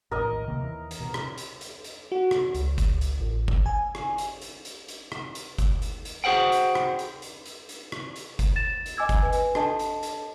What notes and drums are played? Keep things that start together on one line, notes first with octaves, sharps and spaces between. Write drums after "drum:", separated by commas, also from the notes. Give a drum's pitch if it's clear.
A#1 D#2 A2 A#4 D#5
C3 D#3 A#3
D#2 E3
drum: hi-hat
B2
drum: rim click
drum: hi-hat
drum: hi-hat
drum: hi-hat
F#4
drum: rim click
C#2, drum: hi-hat
drum: kick F#1, hi-hat
drum: hi-hat
A1
drum: kick F#1
G#5
drum: rim click
drum: hi-hat
drum: hi-hat
drum: hi-hat
drum: hi-hat
drum: rim click
drum: hi-hat
drum: kick F#1, hi-hat
drum: hi-hat
drum: hi-hat
F#4 G#4 C5 F#5 G5
drum: hi-hat
drum: rim click
drum: hi-hat
drum: hi-hat
drum: hi-hat
drum: hi-hat
drum: rim click
drum: hi-hat
drum: kick F#1, hi-hat
A6 E7
drum: hi-hat
D#5 G#5 D6 E6 G#6
drum: kick F#1, hi-hat
B4 G#5
drum: hi-hat
D4 A4 D#5 A5, drum: rim click
drum: hi-hat
drum: hi-hat